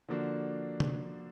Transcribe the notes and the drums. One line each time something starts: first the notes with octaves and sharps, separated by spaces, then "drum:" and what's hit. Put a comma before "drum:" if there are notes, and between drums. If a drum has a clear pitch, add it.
D3 F3 A#3 D4 F#4
drum: tom C3